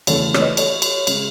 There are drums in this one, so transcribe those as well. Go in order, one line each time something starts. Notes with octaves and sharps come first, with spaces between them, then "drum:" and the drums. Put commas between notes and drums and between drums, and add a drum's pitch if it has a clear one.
E2 C#3 E3 A3 C#4 A4 C#5, drum: cymbal
C#5, drum: rim click
B4 D#5
A4 C#5, drum: cymbal
drum: cymbal
C#3 G#3 C#4, drum: cymbal